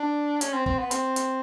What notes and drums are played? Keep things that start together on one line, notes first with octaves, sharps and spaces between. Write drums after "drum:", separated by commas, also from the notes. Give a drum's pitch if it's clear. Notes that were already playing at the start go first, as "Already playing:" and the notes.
Already playing: D4
C#4, drum: hi-hat
C4
C4, drum: kick
B3
C4, drum: hi-hat
drum: hi-hat